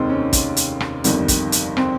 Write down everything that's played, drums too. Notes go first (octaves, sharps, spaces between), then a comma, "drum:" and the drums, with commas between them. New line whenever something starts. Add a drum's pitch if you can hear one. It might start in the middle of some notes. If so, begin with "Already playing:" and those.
Already playing: F1 D#2 D#3 G#3 C4 D#4
C#4
drum: kick, hi-hat
drum: hi-hat
drum: rim click
G1 F2 D#3 G3, drum: hi-hat
drum: kick, hi-hat
drum: hi-hat
C4, drum: rim click